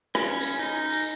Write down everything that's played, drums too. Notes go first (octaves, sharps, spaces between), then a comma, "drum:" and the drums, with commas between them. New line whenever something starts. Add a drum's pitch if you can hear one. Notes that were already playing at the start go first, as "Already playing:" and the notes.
C#4, drum: rim click
drum: tambourine
D#4
drum: tambourine